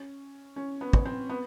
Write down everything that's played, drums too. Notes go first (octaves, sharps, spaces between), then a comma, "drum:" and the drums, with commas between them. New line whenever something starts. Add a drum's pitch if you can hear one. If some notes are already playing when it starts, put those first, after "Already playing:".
Already playing: C#4
C#4
B3
drum: kick
C4
B3